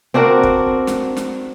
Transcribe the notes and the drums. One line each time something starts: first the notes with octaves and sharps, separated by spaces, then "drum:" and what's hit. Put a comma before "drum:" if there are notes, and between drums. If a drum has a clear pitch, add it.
C4 D4 F#4 A#4
drum: kick
drum: snare
drum: snare